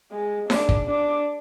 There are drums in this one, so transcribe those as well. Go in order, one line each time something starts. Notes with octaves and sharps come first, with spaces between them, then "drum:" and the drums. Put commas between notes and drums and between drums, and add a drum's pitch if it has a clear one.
G#3
D4, drum: snare D#4
drum: kick
D4